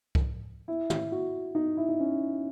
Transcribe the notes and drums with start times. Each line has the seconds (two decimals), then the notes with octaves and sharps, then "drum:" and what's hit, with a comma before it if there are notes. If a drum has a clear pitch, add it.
0.15 drum: kick C2
0.68 E4
0.90 drum: tom
1.12 F#4
1.55 D#4
1.77 E4
1.89 D#4
2.00 C#4